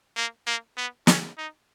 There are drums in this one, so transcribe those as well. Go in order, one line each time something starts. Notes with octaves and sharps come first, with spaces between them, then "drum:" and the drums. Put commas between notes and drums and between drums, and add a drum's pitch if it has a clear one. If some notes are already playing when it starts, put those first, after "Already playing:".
A#3
A#3
B3
C#4, drum: snare
D#4